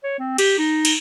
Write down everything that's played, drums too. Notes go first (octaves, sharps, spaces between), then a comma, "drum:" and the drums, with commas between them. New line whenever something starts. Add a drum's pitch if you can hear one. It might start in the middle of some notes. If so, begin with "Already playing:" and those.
C#5
C4
G4, drum: cymbal
D#4
drum: cymbal